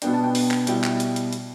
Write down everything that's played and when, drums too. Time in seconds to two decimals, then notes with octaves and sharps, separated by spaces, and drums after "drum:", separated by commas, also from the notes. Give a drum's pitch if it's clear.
0.02 B2 B3 D4 G5, drum: hi-hat
0.13 A5
0.23 G5
0.35 drum: open hi-hat
0.51 drum: clap
0.67 B2 G3 E4 G5, drum: hi-hat
0.84 drum: clap
1.00 drum: hi-hat
1.16 drum: hi-hat
1.33 drum: hi-hat